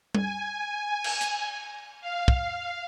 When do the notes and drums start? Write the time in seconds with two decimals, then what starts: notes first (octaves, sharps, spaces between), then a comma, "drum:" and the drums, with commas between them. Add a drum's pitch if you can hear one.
0.15 G#5, drum: tom G3
1.04 drum: cymbal
1.21 drum: hi-hat
2.01 F5
2.28 drum: kick